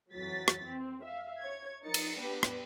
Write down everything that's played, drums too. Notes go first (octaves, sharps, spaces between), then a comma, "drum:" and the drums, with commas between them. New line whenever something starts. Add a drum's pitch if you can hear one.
F2 E3 F#3 A6 B6
drum: rim click
C4
E5 F5
C#5 G#6
F3 D#4 A#4 A6 C#7
drum: cymbal
B3 D4 G4 B4
drum: rim click